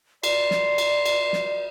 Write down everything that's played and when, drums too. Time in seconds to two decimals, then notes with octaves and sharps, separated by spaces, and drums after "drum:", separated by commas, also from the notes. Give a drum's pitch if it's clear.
0.23 D5 C6, drum: cymbal
0.51 drum: snare
0.78 drum: cymbal
1.06 drum: cymbal
1.33 drum: snare